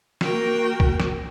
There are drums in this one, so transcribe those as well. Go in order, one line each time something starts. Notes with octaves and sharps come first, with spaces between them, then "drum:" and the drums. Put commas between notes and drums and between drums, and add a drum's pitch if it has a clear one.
A#3 F#4 A#4 G5, drum: snare
drum: kick C2
drum: snare